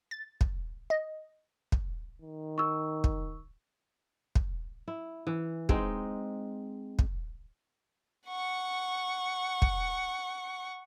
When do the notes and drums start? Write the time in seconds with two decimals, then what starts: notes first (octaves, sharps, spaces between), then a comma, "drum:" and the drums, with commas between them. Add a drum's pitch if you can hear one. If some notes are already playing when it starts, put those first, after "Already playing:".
0.11 A6
0.41 drum: kick
0.90 D#5
1.72 drum: kick
2.22 D#3
2.58 C#6 E6
3.04 drum: kick
4.35 drum: kick
4.88 E4
5.27 E3
5.69 G#3 C4 D#4, drum: kick
6.99 drum: kick
8.27 F#5 C#6
9.62 drum: kick